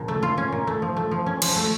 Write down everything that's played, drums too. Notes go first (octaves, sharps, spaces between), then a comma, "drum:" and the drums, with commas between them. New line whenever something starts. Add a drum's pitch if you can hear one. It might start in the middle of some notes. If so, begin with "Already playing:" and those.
Already playing: A#2 C#3 F3
A3
F4
C#4
A#2
A3
F3
A3
F3
C#4
F3, drum: cymbal
A3